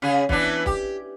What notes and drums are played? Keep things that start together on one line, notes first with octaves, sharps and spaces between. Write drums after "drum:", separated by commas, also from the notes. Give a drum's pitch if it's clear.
C#3 G#4
E3 B3 D4, drum: kick
G4, drum: kick